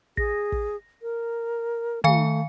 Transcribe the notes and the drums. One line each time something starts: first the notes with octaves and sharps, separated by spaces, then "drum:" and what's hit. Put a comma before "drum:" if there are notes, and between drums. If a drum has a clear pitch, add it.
G#4 A#6, drum: kick
drum: kick
A#4
D#3 A3 F5 C#7, drum: tom